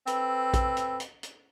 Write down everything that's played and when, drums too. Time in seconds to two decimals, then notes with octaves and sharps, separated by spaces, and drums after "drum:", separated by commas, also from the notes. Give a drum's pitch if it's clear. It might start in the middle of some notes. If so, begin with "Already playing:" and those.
0.07 C4 A4 B4, drum: hi-hat
0.54 drum: kick A#1, hi-hat
0.77 drum: hi-hat
1.00 drum: hi-hat
1.23 drum: hi-hat